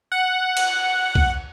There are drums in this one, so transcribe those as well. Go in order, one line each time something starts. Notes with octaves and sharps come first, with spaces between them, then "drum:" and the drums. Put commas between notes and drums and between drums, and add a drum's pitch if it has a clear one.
F#5
drum: cymbal
drum: kick B1